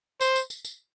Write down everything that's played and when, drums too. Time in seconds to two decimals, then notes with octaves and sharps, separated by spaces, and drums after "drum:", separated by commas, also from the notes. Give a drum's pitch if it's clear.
0.21 C5, drum: tambourine
0.36 drum: tambourine
0.50 drum: tambourine
0.65 drum: tambourine